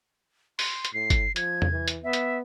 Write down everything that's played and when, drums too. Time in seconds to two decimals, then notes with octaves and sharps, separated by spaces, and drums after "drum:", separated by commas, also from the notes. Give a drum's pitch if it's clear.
0.59 C6, drum: open hi-hat
0.85 drum: hi-hat
0.94 A2 C7
1.10 drum: kick G1, hi-hat
1.36 F3 G#6, drum: hi-hat
1.62 drum: tom E2
1.71 E3
1.88 drum: hi-hat
2.04 B3 E5
2.13 drum: hi-hat